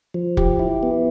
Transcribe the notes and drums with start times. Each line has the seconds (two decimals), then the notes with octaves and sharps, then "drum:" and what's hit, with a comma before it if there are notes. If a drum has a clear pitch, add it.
0.14 F3
0.37 G4, drum: kick
0.59 E4
0.83 B3